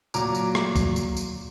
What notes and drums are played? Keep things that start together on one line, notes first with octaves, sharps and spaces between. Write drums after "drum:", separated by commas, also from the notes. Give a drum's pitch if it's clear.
A#2 F#3 A#5 D6, drum: tambourine
drum: tambourine
drum: rim click
drum: kick, tambourine
drum: tambourine
drum: tambourine